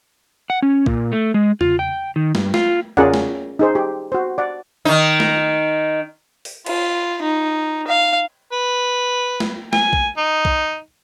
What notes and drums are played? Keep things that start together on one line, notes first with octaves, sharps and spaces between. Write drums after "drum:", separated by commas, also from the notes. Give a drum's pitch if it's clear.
F#5
C#4
A#2, drum: kick
A3
G#3
F4, drum: tom
G5
D#3
G2, drum: snare
F4, drum: snare
C#4 F4 G#4 A#4 D5 F#5, drum: tom
drum: snare
D#4 G#4 C5
G4
F#4 C5
D5 F#5
D#3 D#4
drum: snare
drum: open hi-hat
F4, drum: cymbal
D#4
F5
B4
drum: snare
G#5, drum: snare
drum: kick
D#4
drum: kick